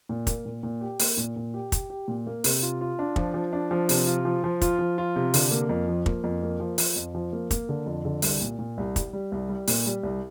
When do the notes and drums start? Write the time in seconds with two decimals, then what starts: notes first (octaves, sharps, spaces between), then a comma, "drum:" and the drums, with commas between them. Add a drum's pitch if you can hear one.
0.09 A#2
0.27 A#3, drum: kick, hi-hat
0.46 A#2
0.63 A#2
0.81 G4
1.00 A#3, drum: open hi-hat
1.17 A#2
1.36 A#2
1.54 G4
1.72 G4, drum: kick, hi-hat
1.90 G4
2.08 A#2
2.27 A#3
2.44 C3, drum: open hi-hat
2.62 F4
2.81 F4
2.99 D4
3.16 F3, drum: kick
3.34 F3
3.53 D4
3.71 F3
3.89 C3, drum: open hi-hat
4.07 F4
4.25 F3
4.44 F3
4.61 F4, drum: kick, hi-hat
4.79 F3
4.98 F4
5.16 C3
5.34 D3, drum: open hi-hat
5.51 A#3
5.69 F2
5.88 F3
6.06 A#3, drum: kick
6.24 F2
6.43 A#3
6.60 F3
6.78 F3, drum: open hi-hat
6.96 F2
7.15 F3
7.33 A#3
7.51 A#3, drum: kick, hi-hat
7.69 D3
7.86 F2
8.05 D3
8.22 C2, drum: open hi-hat
8.41 A#2
8.59 A#2
8.78 C2
8.96 G3, drum: kick, hi-hat
9.13 G3
9.32 C2
9.49 G3
9.68 A#2, drum: open hi-hat
9.86 G3
10.03 C2